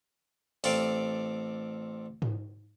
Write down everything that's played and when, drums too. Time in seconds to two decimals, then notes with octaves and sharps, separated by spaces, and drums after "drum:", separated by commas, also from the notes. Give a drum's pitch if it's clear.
0.64 A1 C4 A4 D5 F5 D6, drum: open hi-hat
2.22 drum: tom G#2